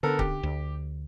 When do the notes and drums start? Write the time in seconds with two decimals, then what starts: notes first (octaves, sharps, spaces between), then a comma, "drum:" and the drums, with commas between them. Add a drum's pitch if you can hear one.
0.03 D3 B3 A4 A#4
0.19 G4, drum: kick C#1
0.43 D2